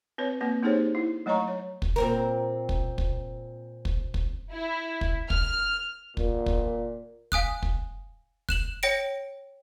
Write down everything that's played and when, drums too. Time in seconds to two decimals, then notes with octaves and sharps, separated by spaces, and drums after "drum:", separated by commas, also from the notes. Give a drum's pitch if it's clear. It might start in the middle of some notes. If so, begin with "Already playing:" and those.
0.18 C4 B4 C#5
0.41 A#3 C4 B4
0.63 A#3 D#4 G4 G#4 C5 C#5
0.95 E4
1.26 F#3 A3 C#5 D#5 A#5 C#6
1.48 C#5
1.82 drum: kick
1.96 A#2 C4 A#4
2.69 drum: kick
2.98 drum: kick
3.85 drum: kick
4.14 drum: kick
4.52 E4
5.01 drum: kick
5.30 F6, drum: kick
6.17 A#2, drum: kick
6.46 drum: kick
7.32 F5 G#5 D#6 F#6, drum: kick
7.63 drum: kick
8.49 F#6 E7 F#7, drum: kick
8.83 C#5 G5 A#6 C#7 D7